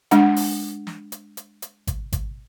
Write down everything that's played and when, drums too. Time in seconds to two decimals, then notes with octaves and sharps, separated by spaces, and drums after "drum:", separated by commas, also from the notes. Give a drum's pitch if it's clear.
0.11 G#3 D4 F#5, drum: hi-hat
0.36 drum: open hi-hat
0.87 drum: snare
1.12 drum: hi-hat
1.37 drum: hi-hat
1.62 drum: hi-hat
1.87 drum: kick G#1, hi-hat
2.13 drum: kick G#1, hi-hat